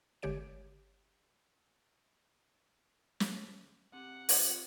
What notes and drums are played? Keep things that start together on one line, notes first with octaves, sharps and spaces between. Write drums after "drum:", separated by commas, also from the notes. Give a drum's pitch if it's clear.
G1 D3 G#3 G4 C#5 D7
drum: snare
C3 F#5
F4, drum: open hi-hat